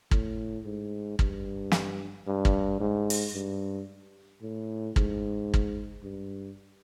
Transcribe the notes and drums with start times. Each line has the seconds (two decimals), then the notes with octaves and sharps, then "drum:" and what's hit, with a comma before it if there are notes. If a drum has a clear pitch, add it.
0.11 A2, drum: kick
0.66 G#2
1.19 G2, drum: kick
1.72 drum: snare
2.27 G2
2.45 drum: kick
2.80 G#2
3.10 drum: open hi-hat
3.34 G2
4.42 A2
4.96 G#2, drum: kick
5.54 drum: kick
6.03 G2